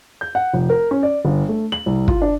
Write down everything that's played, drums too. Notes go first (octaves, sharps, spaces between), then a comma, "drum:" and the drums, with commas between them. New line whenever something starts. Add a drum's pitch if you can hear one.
G6
F#5
F1
A#4
C#4
D5
G1
A3
F#7
C2
F4, drum: kick
D4